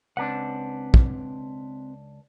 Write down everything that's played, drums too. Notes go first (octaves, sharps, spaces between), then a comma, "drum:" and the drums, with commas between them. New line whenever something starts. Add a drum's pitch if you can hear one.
C#2 C4 D4 B4 F#5
drum: kick